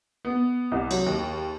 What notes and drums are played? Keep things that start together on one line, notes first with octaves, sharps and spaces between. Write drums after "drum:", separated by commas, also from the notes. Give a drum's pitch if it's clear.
B3
C2
F#3, drum: cymbal
D#2